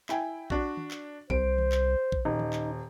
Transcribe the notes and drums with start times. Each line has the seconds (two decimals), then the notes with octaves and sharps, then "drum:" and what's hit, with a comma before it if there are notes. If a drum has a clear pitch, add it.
0.09 E4 G5 G#5, drum: clap
0.50 D4 F#4, drum: kick A#1
0.77 drum: tom D#3
0.91 drum: clap
1.30 C2 C5 D7, drum: kick A#1
1.58 drum: tom D#3
1.72 drum: clap
2.12 drum: kick A#1
2.25 D#1 D#4
2.39 drum: tom
2.53 drum: clap